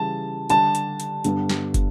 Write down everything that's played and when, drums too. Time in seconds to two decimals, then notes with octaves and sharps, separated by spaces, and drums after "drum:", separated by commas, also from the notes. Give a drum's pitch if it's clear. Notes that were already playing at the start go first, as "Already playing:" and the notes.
Already playing: C#3 E3 G3 A5
0.50 D3 G3 D4 G4 A5, drum: hi-hat
0.75 drum: hi-hat
1.00 drum: hi-hat
1.24 G2 D3 G3 B3 D4, drum: hi-hat
1.49 drum: snare
1.74 drum: kick, hi-hat